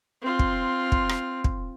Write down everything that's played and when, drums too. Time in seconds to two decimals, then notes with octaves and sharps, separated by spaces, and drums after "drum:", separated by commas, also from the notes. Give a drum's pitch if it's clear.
0.22 C4 F4
0.39 drum: kick
0.92 drum: kick
1.09 drum: rim click
1.44 drum: kick